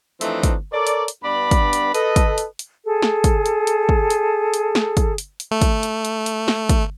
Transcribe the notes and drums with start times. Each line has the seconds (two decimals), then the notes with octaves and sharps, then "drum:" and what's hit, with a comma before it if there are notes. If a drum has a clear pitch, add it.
0.21 E3 F3 A3 C4 D4 D#4, drum: hi-hat
0.43 drum: kick, hi-hat
0.73 A4 A#4 C#5 D5
0.87 drum: hi-hat
1.08 drum: hi-hat
1.23 G2 B3 D4 D5 B5
1.51 drum: kick, hi-hat
1.73 drum: hi-hat
1.95 A4 B4 D#5, drum: hi-hat
2.16 drum: kick, hi-hat
2.38 drum: hi-hat
2.59 drum: hi-hat
2.84 G#4 A4
3.02 drum: snare
3.24 drum: kick, hi-hat
3.46 drum: hi-hat
3.67 drum: hi-hat
3.89 drum: kick
4.10 drum: hi-hat
4.54 drum: hi-hat
4.75 drum: snare
4.97 drum: kick, hi-hat
5.18 drum: hi-hat
5.40 drum: hi-hat
5.51 A3
5.61 drum: kick, hi-hat
5.83 drum: hi-hat
6.05 drum: hi-hat
6.26 drum: hi-hat
6.48 drum: snare
6.69 drum: kick, hi-hat